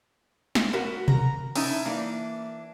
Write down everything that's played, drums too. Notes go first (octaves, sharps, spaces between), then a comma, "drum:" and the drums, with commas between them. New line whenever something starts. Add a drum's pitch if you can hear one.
drum: snare
F#4 A#4 B4 F#5
A#5, drum: tom B2
C#4 D#4 E4 G#5 A5, drum: open hi-hat
E3 A#3 D4